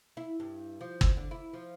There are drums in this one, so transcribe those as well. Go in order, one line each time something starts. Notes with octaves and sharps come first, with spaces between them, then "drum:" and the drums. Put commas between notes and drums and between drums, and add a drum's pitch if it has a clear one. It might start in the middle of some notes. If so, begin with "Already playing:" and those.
E4
G2
F3
drum: kick G1
D3
E4
F3